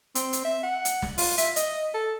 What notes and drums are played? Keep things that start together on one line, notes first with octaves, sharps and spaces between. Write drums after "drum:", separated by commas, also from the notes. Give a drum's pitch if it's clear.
C4, drum: hi-hat
drum: hi-hat
E5
F#5
drum: hi-hat
drum: snare
F4, drum: open hi-hat
E5, drum: hi-hat
D#5, drum: hi-hat
A4